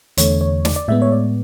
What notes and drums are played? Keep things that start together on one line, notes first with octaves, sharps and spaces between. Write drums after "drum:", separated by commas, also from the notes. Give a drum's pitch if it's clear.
E2 D3 A3 C#5, drum: hi-hat
C#5
D5, drum: snare
D5
A2 G#3 B3 E5
C#5
D5